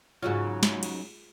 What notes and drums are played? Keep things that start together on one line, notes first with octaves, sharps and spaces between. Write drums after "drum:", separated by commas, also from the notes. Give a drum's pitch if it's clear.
G#2 C#3 F#3 F4 G#4
drum: snare
drum: cymbal